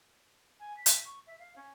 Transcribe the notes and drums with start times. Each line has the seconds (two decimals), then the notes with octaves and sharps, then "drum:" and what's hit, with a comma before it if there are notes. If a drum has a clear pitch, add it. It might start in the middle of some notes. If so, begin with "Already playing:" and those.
0.60 G#5
0.77 B6
0.86 drum: hi-hat
1.05 C#6
1.27 E5
1.39 F5
1.56 C#4